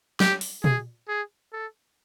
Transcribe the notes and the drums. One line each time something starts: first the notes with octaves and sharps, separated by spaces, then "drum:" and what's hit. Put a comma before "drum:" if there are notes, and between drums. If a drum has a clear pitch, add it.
G4, drum: snare
drum: open hi-hat
G#4, drum: tom
G#4
A4